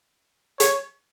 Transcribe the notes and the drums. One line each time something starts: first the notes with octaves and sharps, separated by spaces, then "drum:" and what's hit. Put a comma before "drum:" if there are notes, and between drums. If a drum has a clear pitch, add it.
C#5, drum: hi-hat